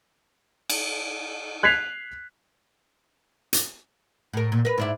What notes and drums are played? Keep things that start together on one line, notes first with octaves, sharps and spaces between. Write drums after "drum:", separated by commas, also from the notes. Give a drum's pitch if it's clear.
drum: cymbal
F#6 G#6 B6 C7 F7
drum: hi-hat
A2 A#4
A#2
A#4 B4
G#2 D4 E4